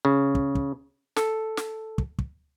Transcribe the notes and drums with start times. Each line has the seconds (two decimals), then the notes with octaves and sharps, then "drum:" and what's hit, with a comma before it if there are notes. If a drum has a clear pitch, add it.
0.05 C#3
0.35 drum: kick
0.55 drum: kick
1.16 A4, drum: snare
1.57 drum: snare
1.98 drum: kick
2.19 drum: kick